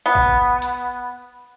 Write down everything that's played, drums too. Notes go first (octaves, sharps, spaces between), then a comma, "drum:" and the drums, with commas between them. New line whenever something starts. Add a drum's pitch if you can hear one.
B3
drum: kick
drum: hi-hat